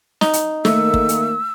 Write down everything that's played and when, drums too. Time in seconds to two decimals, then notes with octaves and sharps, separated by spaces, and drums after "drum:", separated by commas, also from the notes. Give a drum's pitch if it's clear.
0.21 D#4, drum: snare
0.33 drum: hi-hat
0.65 D#3 A3 A#3 E6, drum: snare
0.94 drum: kick
1.09 drum: hi-hat